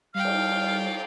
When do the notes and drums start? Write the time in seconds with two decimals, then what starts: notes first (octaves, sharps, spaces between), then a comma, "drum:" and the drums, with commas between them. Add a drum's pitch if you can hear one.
0.14 G3 F5 G5 F6
0.25 drum: cymbal